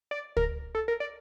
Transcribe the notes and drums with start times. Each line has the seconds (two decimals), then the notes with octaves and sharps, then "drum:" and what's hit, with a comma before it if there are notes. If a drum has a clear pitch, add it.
0.11 D5
0.37 A#4, drum: kick
0.75 A4
0.88 A#4
1.00 D5